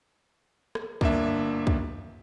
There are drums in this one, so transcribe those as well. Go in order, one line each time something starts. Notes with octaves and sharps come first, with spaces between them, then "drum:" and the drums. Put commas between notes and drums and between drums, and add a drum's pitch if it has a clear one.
drum: rim click
G1 A#3 D4 E5, drum: kick
drum: kick